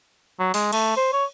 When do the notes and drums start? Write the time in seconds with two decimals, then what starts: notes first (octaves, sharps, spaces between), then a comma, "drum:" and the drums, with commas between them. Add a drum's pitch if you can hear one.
0.39 F#3
0.54 G#3, drum: open hi-hat
0.73 A3, drum: cymbal
0.96 C5
1.13 C#5